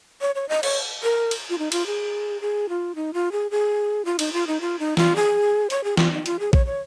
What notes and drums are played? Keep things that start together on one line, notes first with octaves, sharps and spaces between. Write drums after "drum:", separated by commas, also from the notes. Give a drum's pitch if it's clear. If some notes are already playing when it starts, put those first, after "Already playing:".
C#5
C#5
D#5
C#5, drum: cymbal
A#4
drum: cymbal
F4
D#4
F4, drum: cymbal
G#4
G#4
F4
D#4
F4
G#4
G#4
F4
D#4, drum: cymbal
F4
D#4
F4
D#4
F4, drum: snare
G#4
C#5, drum: hi-hat
G#4
F4, drum: snare
D#4
F4, drum: hi-hat
G#4
C#5, drum: kick A#1
C#5